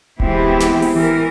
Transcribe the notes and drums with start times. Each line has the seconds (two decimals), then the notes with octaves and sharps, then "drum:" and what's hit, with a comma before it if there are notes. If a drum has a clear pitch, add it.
0.20 E3 G#3 B3 C4 E4 G4, drum: kick D1
0.60 drum: snare
0.82 drum: open hi-hat
0.95 E3 A#4